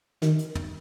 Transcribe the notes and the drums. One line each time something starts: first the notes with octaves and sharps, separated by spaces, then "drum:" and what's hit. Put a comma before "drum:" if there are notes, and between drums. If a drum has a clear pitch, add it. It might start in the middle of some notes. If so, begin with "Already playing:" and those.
D#3, drum: snare
drum: hi-hat
drum: tom